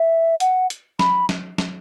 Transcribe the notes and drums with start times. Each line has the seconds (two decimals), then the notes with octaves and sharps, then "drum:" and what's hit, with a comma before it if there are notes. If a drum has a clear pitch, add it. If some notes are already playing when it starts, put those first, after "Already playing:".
Already playing: E5
0.40 F#5, drum: hi-hat
0.70 drum: hi-hat
0.99 B5, drum: snare
1.29 drum: snare
1.58 drum: snare